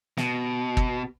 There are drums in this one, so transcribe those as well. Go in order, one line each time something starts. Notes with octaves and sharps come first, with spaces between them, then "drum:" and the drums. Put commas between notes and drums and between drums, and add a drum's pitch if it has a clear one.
B2, drum: snare
drum: kick